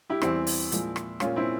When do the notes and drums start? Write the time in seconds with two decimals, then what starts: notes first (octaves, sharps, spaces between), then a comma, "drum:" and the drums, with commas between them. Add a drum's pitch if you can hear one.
0.10 E4 G4
0.21 E2 E3 G3 C4 E4, drum: rim click
0.47 drum: open hi-hat
0.72 A#2 F3 G#3, drum: hi-hat
0.96 drum: rim click
1.20 A#2 G#3 C#4 F4, drum: rim click
1.36 C4 E4